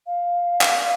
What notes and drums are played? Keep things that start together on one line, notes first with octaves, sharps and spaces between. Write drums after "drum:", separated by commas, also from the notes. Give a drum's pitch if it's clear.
F5
drum: clap